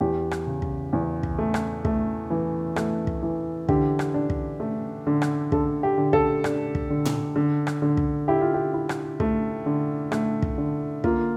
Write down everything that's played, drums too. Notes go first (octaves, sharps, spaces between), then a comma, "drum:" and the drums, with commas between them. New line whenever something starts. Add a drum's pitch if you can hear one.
E2 G4
drum: rim click
C#3
drum: kick
E2
drum: kick
A3
drum: rim click
A3, drum: kick
E3
A3, drum: rim click
drum: kick
E3
D3 G4, drum: kick
drum: rim click
D4
drum: kick
A3
D3
drum: rim click
D3 A4, drum: kick
G4
D3
A4, drum: kick
D4, drum: rim click
drum: kick
D3
drum: tom A2
D3
drum: rim click
D3
drum: kick
E4 G4
F4
G4
E4
drum: rim click
A3, drum: kick
D3
A3, drum: rim click
drum: kick
D3
A#3 F4, drum: kick